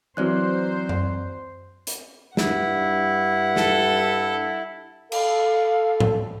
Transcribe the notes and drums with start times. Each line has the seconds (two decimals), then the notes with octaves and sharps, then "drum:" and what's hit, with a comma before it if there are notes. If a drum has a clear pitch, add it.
0.17 E3 F#3 C4 C5 D5 F#6
0.89 drum: tom F#2
1.87 drum: hi-hat
2.37 G2 E4 F#5, drum: snare
3.56 A4, drum: snare
5.12 A4 F5, drum: cymbal
6.00 drum: tom G#2